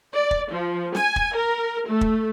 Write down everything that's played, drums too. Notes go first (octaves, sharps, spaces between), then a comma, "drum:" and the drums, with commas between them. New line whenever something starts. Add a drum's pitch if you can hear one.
D5
drum: kick
F3
G#5, drum: snare
drum: kick
A#4
A3
drum: kick